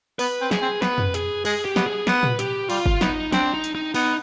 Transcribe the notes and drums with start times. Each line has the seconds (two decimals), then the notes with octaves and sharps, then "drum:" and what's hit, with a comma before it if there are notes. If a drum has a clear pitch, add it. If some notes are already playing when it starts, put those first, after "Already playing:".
0.19 B3 B4, drum: open hi-hat
0.41 C4
0.51 G#4, drum: snare
0.62 C4
0.82 B3 B4, drum: snare
0.98 drum: tom F2
1.14 G#4, drum: hi-hat
1.45 G#3 G#4, drum: open hi-hat
1.65 G4
1.76 B3, drum: snare
1.86 G#4
2.07 B3 B4, drum: snare
2.23 drum: tom
2.39 G4, drum: hi-hat
2.70 G3 F4, drum: open hi-hat
2.86 drum: kick F#1
3.01 B3 D#4, drum: snare
3.33 C4 D4, drum: snare
3.54 D#4
3.64 drum: hi-hat
3.75 D#4
3.94 B3 D#4, drum: open hi-hat